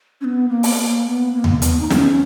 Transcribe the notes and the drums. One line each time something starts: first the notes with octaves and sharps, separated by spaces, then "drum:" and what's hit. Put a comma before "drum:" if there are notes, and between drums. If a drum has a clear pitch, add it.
C#4
B3
A#3
drum: open hi-hat
A#3
B3
A#3
drum: tom D#2
B3, drum: hi-hat
D#4
C#4, drum: snare